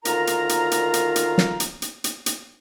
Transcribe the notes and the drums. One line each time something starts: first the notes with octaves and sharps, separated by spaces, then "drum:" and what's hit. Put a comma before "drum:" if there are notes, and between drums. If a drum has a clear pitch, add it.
D2 D#3 F4 A#4 F5 A#5, drum: hi-hat
drum: hi-hat
drum: hi-hat
drum: hi-hat
drum: hi-hat
drum: hi-hat
drum: snare
drum: hi-hat
drum: hi-hat
drum: hi-hat
drum: hi-hat